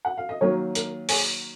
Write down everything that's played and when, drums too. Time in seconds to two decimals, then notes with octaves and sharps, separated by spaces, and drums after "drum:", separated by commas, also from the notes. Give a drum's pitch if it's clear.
0.05 F#5
0.18 F5
0.29 D#5
0.41 D#3 F#3 A#3 C#5
0.75 A#4, drum: hi-hat
1.09 G#4, drum: open hi-hat